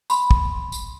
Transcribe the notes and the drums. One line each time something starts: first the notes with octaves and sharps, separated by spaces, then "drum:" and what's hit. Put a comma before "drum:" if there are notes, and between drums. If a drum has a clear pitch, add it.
B5 C6, drum: tambourine
drum: kick
drum: tambourine